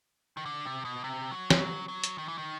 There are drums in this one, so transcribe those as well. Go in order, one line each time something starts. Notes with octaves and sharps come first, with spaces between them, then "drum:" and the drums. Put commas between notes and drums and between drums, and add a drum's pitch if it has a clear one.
D#3
D3
C3
B2
C3
F#3
F3, drum: snare
F#3
F#3
drum: hi-hat
D#3
E3
D#3